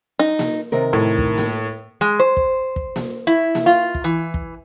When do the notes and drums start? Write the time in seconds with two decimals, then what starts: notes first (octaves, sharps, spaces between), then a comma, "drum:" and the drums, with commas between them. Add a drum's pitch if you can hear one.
0.19 D#4
0.39 drum: snare A#3
0.72 C3 D#3 A#4
0.93 A2
1.18 drum: kick
1.38 drum: snare A#3
2.01 G#3
2.20 C5
2.37 drum: kick
2.76 drum: kick
2.96 drum: snare A#3
3.27 E4
3.55 drum: snare A#3
3.66 F4
3.94 drum: kick
4.04 E3
4.34 drum: kick